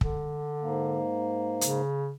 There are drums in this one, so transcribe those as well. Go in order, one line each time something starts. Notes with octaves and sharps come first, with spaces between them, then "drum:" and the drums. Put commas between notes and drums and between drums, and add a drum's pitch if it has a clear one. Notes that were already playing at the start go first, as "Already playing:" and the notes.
D3, drum: kick
G#2 A#3
C#3, drum: hi-hat